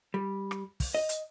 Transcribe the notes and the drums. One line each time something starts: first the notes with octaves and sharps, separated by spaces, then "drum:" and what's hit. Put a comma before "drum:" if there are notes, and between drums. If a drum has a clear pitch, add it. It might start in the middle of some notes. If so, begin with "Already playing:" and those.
G3
drum: rim click
drum: kick, open hi-hat
D#5
drum: hi-hat